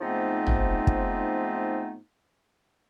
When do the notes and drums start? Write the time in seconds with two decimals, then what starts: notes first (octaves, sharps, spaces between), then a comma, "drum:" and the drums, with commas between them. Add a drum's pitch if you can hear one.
0.01 G#2 F3 A3 B3 C4 D#4
0.47 drum: tom
0.87 drum: kick